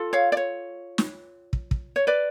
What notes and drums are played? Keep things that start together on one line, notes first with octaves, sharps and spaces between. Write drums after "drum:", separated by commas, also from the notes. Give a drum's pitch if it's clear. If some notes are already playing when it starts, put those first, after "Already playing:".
Already playing: F4 A4
C#5 F5
D5
C#5
drum: snare
drum: kick
drum: kick
C#5
B4 D5